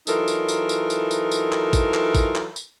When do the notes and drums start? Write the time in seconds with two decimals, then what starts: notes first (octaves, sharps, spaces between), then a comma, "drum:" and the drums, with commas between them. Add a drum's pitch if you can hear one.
0.07 E3 F#3 D#4 F4 A4 A#4, drum: tambourine
0.28 drum: tambourine
0.48 drum: tambourine
0.69 drum: tambourine
0.90 drum: tambourine
1.11 drum: tambourine
1.32 drum: tambourine
1.52 drum: clap
1.73 drum: kick A1, tambourine
1.94 drum: clap
2.15 drum: kick A1, tambourine
2.35 drum: clap
2.56 drum: tambourine